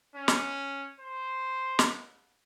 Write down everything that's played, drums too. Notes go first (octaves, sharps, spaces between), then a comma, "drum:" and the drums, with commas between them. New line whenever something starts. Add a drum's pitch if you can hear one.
C#4
drum: snare
C5
drum: snare